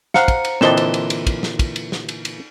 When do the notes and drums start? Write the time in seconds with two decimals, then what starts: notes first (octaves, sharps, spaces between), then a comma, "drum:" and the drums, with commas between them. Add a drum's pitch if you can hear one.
0.14 C5 F5 F#5 A#5 C#7, drum: snare
0.28 drum: kick, cymbal
0.45 drum: cymbal
0.61 A#2 D3 E3 C4 D#5 A5 E7 G7, drum: snare
0.77 drum: cymbal
0.94 drum: cymbal
1.10 drum: cymbal
1.27 drum: kick, cymbal
1.43 drum: snare
1.59 drum: kick, cymbal
1.76 drum: cymbal
1.92 drum: snare
2.09 drum: cymbal
2.25 drum: cymbal